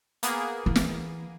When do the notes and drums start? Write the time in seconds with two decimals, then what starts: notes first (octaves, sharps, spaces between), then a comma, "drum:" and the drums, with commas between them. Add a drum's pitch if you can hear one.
0.23 A#3 B3 G#4, drum: hi-hat
0.66 E3
0.76 drum: snare